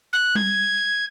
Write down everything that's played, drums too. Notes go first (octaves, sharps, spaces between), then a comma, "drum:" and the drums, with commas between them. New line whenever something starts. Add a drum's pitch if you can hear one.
F#6
G#6, drum: tom G3